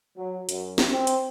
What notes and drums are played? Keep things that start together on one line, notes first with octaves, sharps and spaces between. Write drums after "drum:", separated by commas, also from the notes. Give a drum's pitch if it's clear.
F#3
F#2, drum: hi-hat
drum: snare
C4
drum: hi-hat